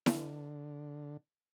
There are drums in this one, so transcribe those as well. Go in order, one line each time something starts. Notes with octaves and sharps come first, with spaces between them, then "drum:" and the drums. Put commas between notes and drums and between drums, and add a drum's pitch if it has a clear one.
D3, drum: snare E4